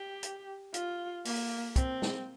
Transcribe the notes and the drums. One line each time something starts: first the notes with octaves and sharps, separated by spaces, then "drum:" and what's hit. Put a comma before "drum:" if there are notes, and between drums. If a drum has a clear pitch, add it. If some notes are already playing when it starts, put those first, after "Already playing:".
Already playing: G4
drum: hi-hat
F4, drum: hi-hat
A#3, drum: open hi-hat
C4, drum: kick, hi-hat
drum: snare